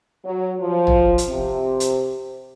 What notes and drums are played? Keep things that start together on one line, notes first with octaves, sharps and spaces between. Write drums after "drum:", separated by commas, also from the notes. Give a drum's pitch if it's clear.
F#3
F3
drum: tom
drum: hi-hat
C3
drum: hi-hat